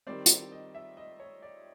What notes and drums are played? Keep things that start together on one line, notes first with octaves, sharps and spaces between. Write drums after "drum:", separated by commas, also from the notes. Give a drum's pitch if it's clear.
D#3 G3 C4 D5
drum: hi-hat
D#5
E5
D#5
C#5
D5